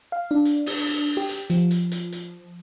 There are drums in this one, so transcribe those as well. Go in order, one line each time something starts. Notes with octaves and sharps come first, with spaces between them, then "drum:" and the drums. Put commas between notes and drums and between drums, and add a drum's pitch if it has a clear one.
F5
D4
drum: hi-hat
drum: open hi-hat
drum: hi-hat
G4
drum: hi-hat
F3, drum: hi-hat
drum: hi-hat
drum: hi-hat
drum: hi-hat